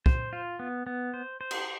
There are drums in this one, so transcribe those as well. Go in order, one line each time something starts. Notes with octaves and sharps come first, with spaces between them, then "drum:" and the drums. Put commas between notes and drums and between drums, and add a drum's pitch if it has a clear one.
C5, drum: kick
F4
B3
B3
C5
C5
drum: cymbal